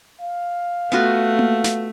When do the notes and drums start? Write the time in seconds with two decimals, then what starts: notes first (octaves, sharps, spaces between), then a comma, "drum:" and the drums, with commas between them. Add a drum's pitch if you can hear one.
0.21 F5
0.92 A3 B3 F4 F#4
1.39 drum: tom A#3
1.64 drum: snare